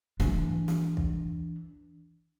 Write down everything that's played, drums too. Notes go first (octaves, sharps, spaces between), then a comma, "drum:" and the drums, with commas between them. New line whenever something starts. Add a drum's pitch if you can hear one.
E3 D4, drum: snare
drum: snare
drum: kick